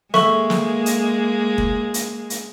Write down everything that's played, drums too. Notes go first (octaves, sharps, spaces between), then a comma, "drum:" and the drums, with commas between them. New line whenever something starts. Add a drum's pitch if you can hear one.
G#3 A#3 A4 E5 C#6, drum: snare
drum: snare
drum: hi-hat
drum: kick
drum: hi-hat
drum: hi-hat